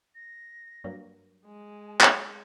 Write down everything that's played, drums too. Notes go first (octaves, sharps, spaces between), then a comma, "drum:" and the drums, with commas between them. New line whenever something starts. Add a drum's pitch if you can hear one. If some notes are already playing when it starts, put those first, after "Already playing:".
A#6
G2 F#3 A#3
G#3 G#5
drum: clap